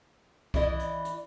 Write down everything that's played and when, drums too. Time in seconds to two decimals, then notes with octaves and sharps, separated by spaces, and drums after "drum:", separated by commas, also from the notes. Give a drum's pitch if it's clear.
0.54 E3 E4 D5 D#5, drum: kick B1
0.79 drum: hi-hat
1.05 drum: hi-hat